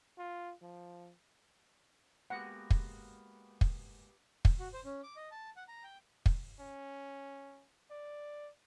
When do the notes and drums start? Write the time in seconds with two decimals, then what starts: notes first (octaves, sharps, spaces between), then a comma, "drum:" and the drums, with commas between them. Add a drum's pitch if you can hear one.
0.18 F4
0.62 F3
2.30 G#3 A#3 B3 F#4 G4 F#5
2.71 drum: kick
3.61 drum: kick
4.45 drum: kick
4.59 F#4
4.73 C5
4.85 C#4
5.03 D6
5.16 D#5
5.31 A5
5.56 F#5
5.68 A#5
5.84 G5
6.26 drum: kick
6.60 C#4
7.91 D5